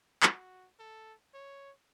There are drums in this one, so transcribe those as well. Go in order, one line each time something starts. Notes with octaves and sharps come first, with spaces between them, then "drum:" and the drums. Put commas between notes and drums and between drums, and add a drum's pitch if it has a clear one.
F#4, drum: clap
A4
C#5